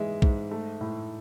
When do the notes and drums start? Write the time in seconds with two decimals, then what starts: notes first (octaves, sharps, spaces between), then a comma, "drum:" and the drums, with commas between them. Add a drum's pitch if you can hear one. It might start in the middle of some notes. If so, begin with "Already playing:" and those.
Already playing: G#2 E3 G#3 E5
0.22 G#2, drum: kick B1
0.51 A3
0.81 A2